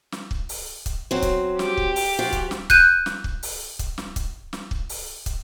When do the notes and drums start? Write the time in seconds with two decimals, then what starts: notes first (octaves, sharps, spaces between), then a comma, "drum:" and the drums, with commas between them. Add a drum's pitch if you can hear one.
0.12 drum: snare
0.31 drum: kick
0.49 drum: open hi-hat
0.86 drum: kick, hi-hat
1.11 F#3 C4
1.22 drum: kick, hi-hat
1.59 G4, drum: snare
1.77 drum: kick
1.96 drum: open hi-hat
2.19 F3 F#4
2.33 drum: kick, hi-hat
2.51 drum: snare
2.70 F#6 G6 D#7, drum: kick, hi-hat
3.06 drum: snare
3.24 drum: kick
3.43 drum: open hi-hat
3.79 drum: kick, hi-hat
3.98 drum: snare
4.16 drum: kick, hi-hat
4.53 drum: snare
4.71 drum: kick
4.89 drum: open hi-hat
5.26 drum: kick, hi-hat